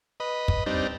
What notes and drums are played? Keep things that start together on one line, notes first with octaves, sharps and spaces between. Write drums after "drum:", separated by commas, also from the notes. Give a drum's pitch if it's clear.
B4 D#5
drum: kick
G3 C4 D4 D#4